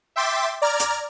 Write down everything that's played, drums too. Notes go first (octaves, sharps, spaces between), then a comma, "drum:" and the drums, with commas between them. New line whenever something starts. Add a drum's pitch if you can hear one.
E5 G5 C6 D6 A6 B6
D5 A#5 F6 G#6
drum: hi-hat